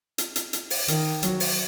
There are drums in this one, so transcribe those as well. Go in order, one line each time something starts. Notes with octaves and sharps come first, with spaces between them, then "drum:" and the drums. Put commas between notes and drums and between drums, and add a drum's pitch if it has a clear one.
drum: hi-hat
drum: hi-hat
drum: hi-hat
drum: open hi-hat
D#3, drum: hi-hat
F#3, drum: hi-hat
drum: open hi-hat